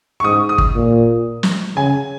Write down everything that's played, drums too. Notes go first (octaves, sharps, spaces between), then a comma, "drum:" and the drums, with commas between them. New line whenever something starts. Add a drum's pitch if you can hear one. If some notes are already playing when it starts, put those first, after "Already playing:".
C#6
G#2 D#6
D#6
drum: kick
A#2
drum: snare
C#3 G#5